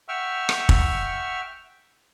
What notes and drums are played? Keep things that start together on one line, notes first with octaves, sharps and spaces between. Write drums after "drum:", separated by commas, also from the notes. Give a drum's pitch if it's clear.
E5 F#5 G5 C#6 E6 F6
drum: rim click
drum: kick